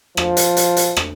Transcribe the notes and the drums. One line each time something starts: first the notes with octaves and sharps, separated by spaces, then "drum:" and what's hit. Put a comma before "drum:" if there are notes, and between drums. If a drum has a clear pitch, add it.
F3, drum: rim click
drum: hi-hat
drum: hi-hat
drum: hi-hat
drum: rim click